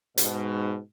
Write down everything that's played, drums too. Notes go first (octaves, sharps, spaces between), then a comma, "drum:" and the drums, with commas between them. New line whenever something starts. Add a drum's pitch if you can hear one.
G#2 B2, drum: hi-hat